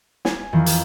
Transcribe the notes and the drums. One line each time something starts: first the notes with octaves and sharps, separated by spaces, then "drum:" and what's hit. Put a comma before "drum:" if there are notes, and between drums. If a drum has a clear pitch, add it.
G#5, drum: snare
F2 D#3 E3
drum: hi-hat